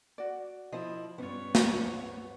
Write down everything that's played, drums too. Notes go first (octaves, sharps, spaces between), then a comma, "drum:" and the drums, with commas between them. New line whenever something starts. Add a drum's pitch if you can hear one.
F#4 D5
F3 E4 D#5
G2 B3 C#4 F4 C#5
drum: snare